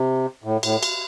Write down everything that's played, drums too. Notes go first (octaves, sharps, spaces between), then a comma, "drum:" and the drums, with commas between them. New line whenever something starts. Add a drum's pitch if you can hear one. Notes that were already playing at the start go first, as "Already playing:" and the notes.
Already playing: C3
A2
A2, drum: cymbal
drum: cymbal